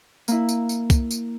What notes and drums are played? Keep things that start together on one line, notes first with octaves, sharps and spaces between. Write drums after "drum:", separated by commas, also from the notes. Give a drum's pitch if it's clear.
A#3 E4, drum: tambourine
drum: tambourine
drum: tambourine
drum: kick, tambourine
drum: tambourine